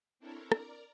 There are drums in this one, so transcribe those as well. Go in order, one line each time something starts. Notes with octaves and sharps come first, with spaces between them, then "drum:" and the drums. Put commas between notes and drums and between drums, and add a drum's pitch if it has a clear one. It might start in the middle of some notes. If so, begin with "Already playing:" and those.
C4 D4 E4 A4 A#4 C#5
A#4 D5 A#5, drum: rim click